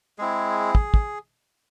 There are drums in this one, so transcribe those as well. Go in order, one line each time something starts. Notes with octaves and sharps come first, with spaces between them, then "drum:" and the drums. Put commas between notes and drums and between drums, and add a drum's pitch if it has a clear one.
G#3 C4 E4 G#4
drum: kick
drum: kick